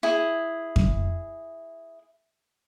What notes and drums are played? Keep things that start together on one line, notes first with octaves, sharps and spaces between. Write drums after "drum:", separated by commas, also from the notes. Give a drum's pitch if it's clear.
E4 G#4
drum: kick F2